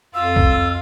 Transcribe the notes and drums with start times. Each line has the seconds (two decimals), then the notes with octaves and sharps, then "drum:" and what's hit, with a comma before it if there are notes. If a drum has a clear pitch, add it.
0.15 F2 F4 F5 E6
0.36 drum: kick